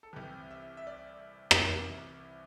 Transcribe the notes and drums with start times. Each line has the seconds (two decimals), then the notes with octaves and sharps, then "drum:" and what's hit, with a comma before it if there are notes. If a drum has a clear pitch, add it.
0.03 A4
0.13 C2 C3 E3 G4
0.51 E5
0.77 E5
0.87 D5
1.51 drum: rim click
1.61 C2 C3 E3